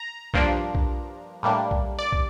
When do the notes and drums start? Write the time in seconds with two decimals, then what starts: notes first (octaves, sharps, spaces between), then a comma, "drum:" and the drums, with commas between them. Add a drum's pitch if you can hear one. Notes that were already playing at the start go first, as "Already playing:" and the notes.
Already playing: A#5
0.34 G2 F3 A#3 D4, drum: kick
0.75 drum: kick
1.43 A2 G3 A#3 D4
1.71 drum: kick
1.99 D5
2.12 drum: kick